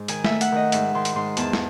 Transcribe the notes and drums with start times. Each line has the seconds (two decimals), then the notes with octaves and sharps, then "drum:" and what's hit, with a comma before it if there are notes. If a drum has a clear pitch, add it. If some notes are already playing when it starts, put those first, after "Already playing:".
Already playing: G#2
0.08 D#3 G#5, drum: hi-hat
0.24 E5, drum: snare
0.30 A3
0.41 F#5, drum: hi-hat
0.52 D#3 D#5
0.72 G#2 E5, drum: hi-hat
0.95 D#3 C6
1.05 drum: hi-hat
1.16 G#2 C6
1.37 E2 A5, drum: hi-hat
1.53 drum: snare